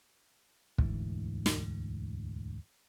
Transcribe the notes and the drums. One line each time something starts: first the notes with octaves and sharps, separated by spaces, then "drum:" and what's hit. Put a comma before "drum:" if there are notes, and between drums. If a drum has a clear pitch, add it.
E1 D2 G#2 E3, drum: kick
drum: snare